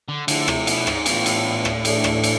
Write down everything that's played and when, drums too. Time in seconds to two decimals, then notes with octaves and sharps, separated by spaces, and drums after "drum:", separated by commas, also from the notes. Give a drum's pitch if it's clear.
0.09 D3
0.28 D3 F3 A3 E4, drum: cymbal
0.48 C3, drum: rim click
0.67 B2, drum: cymbal
0.87 G#2, drum: rim click
1.06 A2 E3 B3 F4, drum: cymbal
1.26 drum: cymbal
1.65 drum: rim click
1.85 E3 A3 D4, drum: cymbal
2.04 drum: rim click
2.24 drum: cymbal